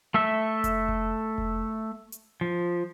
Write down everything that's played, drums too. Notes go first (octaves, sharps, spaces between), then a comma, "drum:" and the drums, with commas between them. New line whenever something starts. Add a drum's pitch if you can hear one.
A3 A4 E5
drum: kick F1, hi-hat
drum: kick F1
drum: kick F1
drum: hi-hat
F3